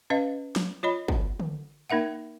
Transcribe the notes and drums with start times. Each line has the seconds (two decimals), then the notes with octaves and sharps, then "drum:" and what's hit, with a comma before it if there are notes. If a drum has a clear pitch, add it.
0.10 C#4 B4 D#5 F5
0.56 drum: snare
0.83 F4 C#5 D#5 B5
1.08 drum: kick
1.40 drum: tom D3
1.90 A#3 D#4 A#4 E5 F#5